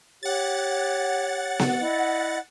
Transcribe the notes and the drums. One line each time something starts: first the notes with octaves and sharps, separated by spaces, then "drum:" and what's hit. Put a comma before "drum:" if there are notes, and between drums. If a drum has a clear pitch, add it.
G4 C#5 F#5 A6
drum: snare B3
E4 D5 D#5